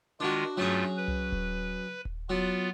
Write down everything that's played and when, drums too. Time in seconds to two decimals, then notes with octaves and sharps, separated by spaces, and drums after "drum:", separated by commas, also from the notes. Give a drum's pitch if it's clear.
0.20 D#3 G#3 D4 F4 F#4
0.57 G2 F#3 A3 C#4 F4 G#4
0.97 B4
1.08 drum: tom C2
1.32 drum: kick D#1
2.05 drum: kick D#1
2.30 F#3 B3 F4